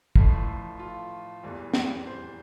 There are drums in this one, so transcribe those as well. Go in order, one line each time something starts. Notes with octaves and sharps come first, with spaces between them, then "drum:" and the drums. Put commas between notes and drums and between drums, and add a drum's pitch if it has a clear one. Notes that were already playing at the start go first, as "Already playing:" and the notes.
A1 A2 F3 A3, drum: kick
F4
F1 E2 E3 G3
drum: snare
C5